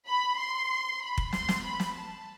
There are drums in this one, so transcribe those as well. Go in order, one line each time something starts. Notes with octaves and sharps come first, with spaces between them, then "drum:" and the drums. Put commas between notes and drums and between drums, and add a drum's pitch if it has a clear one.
B5
C6
B5
drum: kick F1
C6, drum: snare
drum: snare
B5
drum: snare
A5